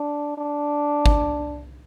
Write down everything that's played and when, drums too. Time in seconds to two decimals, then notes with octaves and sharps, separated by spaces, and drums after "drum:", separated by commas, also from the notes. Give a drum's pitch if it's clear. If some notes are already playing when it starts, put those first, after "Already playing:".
Already playing: D4
0.38 D4
1.06 drum: kick